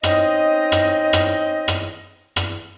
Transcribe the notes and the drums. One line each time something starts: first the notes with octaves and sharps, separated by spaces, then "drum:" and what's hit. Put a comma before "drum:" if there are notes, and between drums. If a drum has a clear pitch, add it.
C4 C#4 D#4 D#5, drum: rim click
drum: rim click
drum: rim click
drum: rim click
drum: rim click